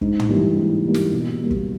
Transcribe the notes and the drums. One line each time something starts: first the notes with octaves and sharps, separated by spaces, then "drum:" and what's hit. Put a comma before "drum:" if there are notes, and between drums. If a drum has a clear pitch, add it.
G#2, drum: kick
drum: tom
E3 G3 A#3
G#2
E3 G3 A#3
drum: snare
B2
G3 A#3
drum: kick